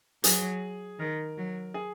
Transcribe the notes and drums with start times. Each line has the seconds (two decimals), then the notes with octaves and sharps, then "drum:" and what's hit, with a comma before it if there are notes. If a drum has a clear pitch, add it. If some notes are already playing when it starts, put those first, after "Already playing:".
0.24 F#3 G#4, drum: hi-hat
0.99 D#3 A#4
1.37 F#3
1.74 G#4